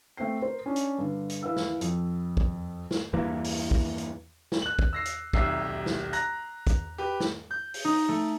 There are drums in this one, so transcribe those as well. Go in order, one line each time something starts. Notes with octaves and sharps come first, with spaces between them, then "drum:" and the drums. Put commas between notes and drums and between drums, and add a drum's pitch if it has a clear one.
A3 C4 G5 C7
A#4 C5
C#4 D4
drum: hi-hat
G2 D3
drum: hi-hat
E3 B4 F5 E6
drum: snare
F2, drum: hi-hat
drum: kick
drum: snare
E2 G2 E3 A#3
drum: open hi-hat
drum: kick
drum: hi-hat
drum: snare
F#6 F#7
drum: kick
E6 A#6 C7
drum: hi-hat
D#1 B1 C3 E5 E6 C7, drum: kick
drum: snare
A#5 F#6 A#6, drum: hi-hat
drum: kick, hi-hat
G4 B4
drum: snare
G6
drum: open hi-hat
D#4
A3